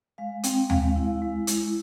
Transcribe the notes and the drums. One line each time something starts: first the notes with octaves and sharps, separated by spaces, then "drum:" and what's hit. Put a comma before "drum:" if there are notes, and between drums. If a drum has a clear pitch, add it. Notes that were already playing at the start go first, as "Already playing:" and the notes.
G#3 F5
C4 G5, drum: hi-hat
G#3 F5, drum: tom D2
E4
G#3
E4, drum: hi-hat